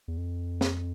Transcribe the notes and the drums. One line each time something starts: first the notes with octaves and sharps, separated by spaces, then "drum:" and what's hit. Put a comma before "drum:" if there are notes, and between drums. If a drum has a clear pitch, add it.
E2
F2
drum: snare